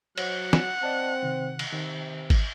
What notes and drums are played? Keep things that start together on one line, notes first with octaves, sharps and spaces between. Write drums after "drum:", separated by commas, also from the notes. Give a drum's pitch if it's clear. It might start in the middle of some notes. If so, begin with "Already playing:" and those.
F#3 C5 C#5 F#5, drum: cymbal
drum: snare
C4 D5 D#5 A5
C3 D#3
drum: cymbal
C3 D#3
drum: kick G#1, cymbal